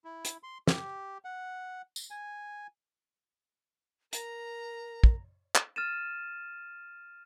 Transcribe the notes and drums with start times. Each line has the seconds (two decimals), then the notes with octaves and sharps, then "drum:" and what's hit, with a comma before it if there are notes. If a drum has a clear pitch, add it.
0.05 E4
0.25 drum: hi-hat
0.43 C6
0.68 G4, drum: snare
1.25 F#5
1.96 drum: tambourine
2.11 G#5
4.13 A#4 A#5, drum: hi-hat
5.04 drum: kick
5.55 drum: clap
5.76 F6 A6 D#7 E7